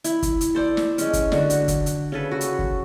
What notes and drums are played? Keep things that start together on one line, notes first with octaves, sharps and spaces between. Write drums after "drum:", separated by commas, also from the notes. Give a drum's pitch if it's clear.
E4, drum: hi-hat
drum: kick, hi-hat
drum: hi-hat
A4 C5 D5
drum: snare
G#3 C#4, drum: hi-hat
drum: kick, hi-hat
D3 F#4, drum: snare
drum: hi-hat
drum: kick, hi-hat
drum: hi-hat
C#3 A4 B4
F#4
drum: hi-hat
drum: kick